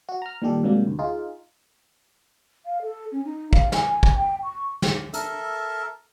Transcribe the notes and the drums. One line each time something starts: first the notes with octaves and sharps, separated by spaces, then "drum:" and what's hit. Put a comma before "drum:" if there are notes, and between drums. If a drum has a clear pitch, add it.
F#4
A#5 F6
A#2 D#3 G3 G4 A4
G#2 C3 F#3 G3 A#3
D2
D#4 F4 G#4
F5
A4
C#4
D#4
F5, drum: kick
G#5, drum: snare
G#5
drum: kick
G5
C#6
drum: snare
A4 A#4 E5, drum: hi-hat